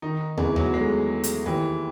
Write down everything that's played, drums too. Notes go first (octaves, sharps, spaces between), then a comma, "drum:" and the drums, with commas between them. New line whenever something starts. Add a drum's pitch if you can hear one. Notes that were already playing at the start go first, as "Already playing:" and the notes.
D#3 D#4
E2 E3, drum: tom
F#3, drum: tom
G#3 A3
A3
drum: hi-hat
D#2 E3